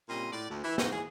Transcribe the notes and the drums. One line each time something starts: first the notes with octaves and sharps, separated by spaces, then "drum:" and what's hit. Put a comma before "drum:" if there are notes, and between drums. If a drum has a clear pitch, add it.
A#2 C#3 G3 C4 F4 D#5
A2 D5
D2
E3 E4
G#2 C4 D#4 F4 D#5, drum: snare
D#2 D#3 E3 G#4